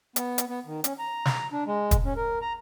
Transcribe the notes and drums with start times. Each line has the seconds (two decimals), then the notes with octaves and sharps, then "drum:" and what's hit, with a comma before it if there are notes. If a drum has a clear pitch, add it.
0.16 B3, drum: hi-hat
0.38 drum: hi-hat
0.48 B3
0.66 D#3
0.84 C#4, drum: hi-hat
0.99 A#5
1.25 drum: snare
1.52 D4
1.67 G#3
1.91 drum: kick, hi-hat
2.05 C#4
2.17 A#4
2.42 A#5